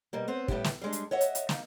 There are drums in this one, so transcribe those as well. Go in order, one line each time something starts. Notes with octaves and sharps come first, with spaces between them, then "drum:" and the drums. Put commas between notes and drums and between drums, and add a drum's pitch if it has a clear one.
B2 G3 A#3
B3 C4 C5
A2 G3 B3 E4 G4, drum: kick
drum: snare
G3 G#3 D4
drum: hi-hat
C#5 D#5 E5 F#5
drum: hi-hat
drum: hi-hat
A#3 D#4, drum: snare